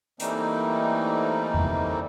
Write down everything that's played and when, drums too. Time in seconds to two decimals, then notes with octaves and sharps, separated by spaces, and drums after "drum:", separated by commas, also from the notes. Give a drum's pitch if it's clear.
0.20 E3 G3 A3 A#3 C4 D#4, drum: hi-hat
1.54 drum: tom E2